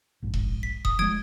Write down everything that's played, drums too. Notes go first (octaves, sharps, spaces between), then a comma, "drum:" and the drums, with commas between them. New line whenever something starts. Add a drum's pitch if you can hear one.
A#1 G#2
drum: kick E1
B6
D#6, drum: kick E1
F3 G#3 D#6 G#6 D7